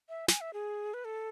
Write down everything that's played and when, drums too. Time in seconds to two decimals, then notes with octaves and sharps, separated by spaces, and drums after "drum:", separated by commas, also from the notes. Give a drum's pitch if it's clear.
0.09 E5
0.28 G#5, drum: snare
0.41 E5
0.53 G#4
0.94 B4
1.05 A4